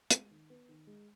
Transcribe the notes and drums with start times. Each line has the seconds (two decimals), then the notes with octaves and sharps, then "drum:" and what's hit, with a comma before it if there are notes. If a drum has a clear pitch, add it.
0.11 G#3, drum: hi-hat
0.31 D#3
0.50 B3
0.69 D#3
0.87 G#3